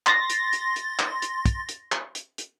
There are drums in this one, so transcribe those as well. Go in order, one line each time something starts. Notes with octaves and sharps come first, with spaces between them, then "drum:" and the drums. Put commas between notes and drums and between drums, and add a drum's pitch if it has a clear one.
C6 A6 A#6, drum: clap
drum: hi-hat
drum: hi-hat
drum: hi-hat
drum: clap
drum: hi-hat
drum: kick, hi-hat
drum: hi-hat
drum: clap
drum: hi-hat
drum: hi-hat